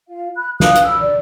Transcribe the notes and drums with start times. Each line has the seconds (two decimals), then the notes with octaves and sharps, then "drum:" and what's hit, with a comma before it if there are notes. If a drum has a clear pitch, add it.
0.08 F4 F5
0.35 B5 F#6
0.60 F5 G#5 D#6 F#6, drum: snare
0.75 drum: hi-hat
0.85 B5 E6
1.00 D5